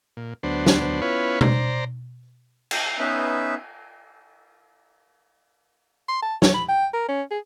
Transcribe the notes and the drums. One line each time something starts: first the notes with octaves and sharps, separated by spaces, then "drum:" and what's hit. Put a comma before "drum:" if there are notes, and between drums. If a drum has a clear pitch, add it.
A#2
D2 F#3 B3 D4 C5
drum: snare
B3 C#4 E4 F4 B4 C#5
C5 D5 A#5, drum: tom B2
drum: cymbal
B3 C#4 D#4 B4 E5
C6
A5
C#5, drum: snare
B5
G5
A#4
C#4
G#4